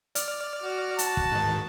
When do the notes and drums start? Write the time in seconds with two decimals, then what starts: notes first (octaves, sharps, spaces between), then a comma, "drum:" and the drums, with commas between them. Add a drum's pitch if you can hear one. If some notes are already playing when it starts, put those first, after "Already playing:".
0.15 D5 F6, drum: hi-hat
0.62 F#4
0.99 A5, drum: hi-hat
1.17 drum: kick
1.32 G#2 D#3